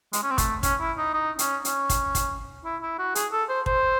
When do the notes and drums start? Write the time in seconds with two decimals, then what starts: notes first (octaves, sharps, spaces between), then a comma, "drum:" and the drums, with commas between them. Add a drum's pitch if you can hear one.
0.13 G#3, drum: hi-hat
0.23 C#4
0.31 C4
0.38 A3, drum: kick, hi-hat
0.63 C#4, drum: kick, hi-hat
0.81 E4
0.98 D#4
1.14 D#4
1.39 C#4, drum: hi-hat
1.65 C#4, drum: hi-hat
1.90 drum: kick, hi-hat
2.15 drum: kick, hi-hat
2.65 E4
2.82 E4
2.99 F#4
3.15 G#4, drum: hi-hat
3.32 A4
3.49 C5
3.66 C5, drum: kick